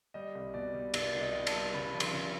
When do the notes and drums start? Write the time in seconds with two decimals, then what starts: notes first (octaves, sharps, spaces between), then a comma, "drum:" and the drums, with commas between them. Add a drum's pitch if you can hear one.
0.14 G3 D#5
0.35 C2
0.54 B2 D5
0.75 G3
0.94 B2 D5, drum: cymbal
1.15 C2
1.21 D#5
1.35 G3
1.47 A5, drum: cymbal
1.54 G3
1.73 C#3 B5
1.93 F3
2.00 C6, drum: cymbal
2.13 C#3